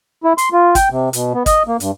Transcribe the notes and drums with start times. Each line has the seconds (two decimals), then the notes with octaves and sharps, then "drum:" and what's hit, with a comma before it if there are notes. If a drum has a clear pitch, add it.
0.24 E4
0.38 C6, drum: hi-hat
0.53 F4
0.75 G5, drum: kick G#1, hi-hat
0.91 C3
1.13 B2, drum: hi-hat
1.34 B3
1.46 D#5, drum: kick G#1, hi-hat
1.67 A#3
1.80 G2, drum: hi-hat